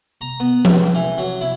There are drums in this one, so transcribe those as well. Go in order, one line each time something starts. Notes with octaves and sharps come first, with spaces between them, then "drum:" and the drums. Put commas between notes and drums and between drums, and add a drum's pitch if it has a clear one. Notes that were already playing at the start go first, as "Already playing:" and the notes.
A#5
B3
C#2, drum: tom F3
E3
F#3
E4